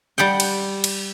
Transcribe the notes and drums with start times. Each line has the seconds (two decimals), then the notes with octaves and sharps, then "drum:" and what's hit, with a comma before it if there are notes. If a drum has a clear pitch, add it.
0.18 G3 G4 F#5 G5
0.40 drum: cymbal
0.84 drum: cymbal